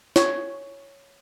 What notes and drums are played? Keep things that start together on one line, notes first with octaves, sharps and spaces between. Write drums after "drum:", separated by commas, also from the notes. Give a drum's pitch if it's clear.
C#5, drum: snare